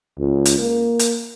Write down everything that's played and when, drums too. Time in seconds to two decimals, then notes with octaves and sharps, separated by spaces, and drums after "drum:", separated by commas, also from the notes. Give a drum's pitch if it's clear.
0.19 C#2
0.46 drum: hi-hat
0.59 A#3
1.00 drum: hi-hat